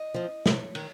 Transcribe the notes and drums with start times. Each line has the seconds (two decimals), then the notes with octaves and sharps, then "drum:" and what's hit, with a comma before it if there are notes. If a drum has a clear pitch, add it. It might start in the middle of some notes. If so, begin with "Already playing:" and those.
Already playing: D#5
0.14 F3 C4
0.46 C3 C#5, drum: snare
0.75 D#3, drum: cymbal